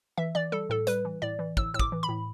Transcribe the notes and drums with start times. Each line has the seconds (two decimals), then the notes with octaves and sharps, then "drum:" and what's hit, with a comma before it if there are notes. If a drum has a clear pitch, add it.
0.18 E3 E5
0.35 E3 D5
0.52 G3 A4
0.70 A2 A4
0.87 G3 B4, drum: hi-hat
1.05 E3
1.22 A2 D5
1.39 E3
1.57 A2 E6, drum: kick
1.74 A2 E6
1.79 D6, drum: kick
1.92 E3
2.03 B5
2.09 A2